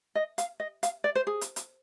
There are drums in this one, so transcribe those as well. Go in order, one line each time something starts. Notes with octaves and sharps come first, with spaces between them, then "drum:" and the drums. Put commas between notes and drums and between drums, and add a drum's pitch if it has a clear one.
D#5
F5, drum: hi-hat
D#5
F5, drum: hi-hat
D5
C5
G#4
drum: hi-hat
drum: hi-hat